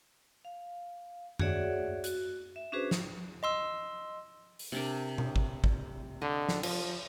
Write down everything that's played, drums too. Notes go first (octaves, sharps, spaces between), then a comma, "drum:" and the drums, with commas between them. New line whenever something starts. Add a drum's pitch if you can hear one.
F5
F#4 G#4 C#5 D5 E5 F#5, drum: tom F#2
F#4, drum: hi-hat
E5
C#4 D4 F#4 G#4 B4 C5
drum: snare
D#5 C6 E6
drum: open hi-hat
C3 D4 A#4
drum: tom B2
drum: kick
drum: kick
D3 D#5
drum: snare
F3, drum: cymbal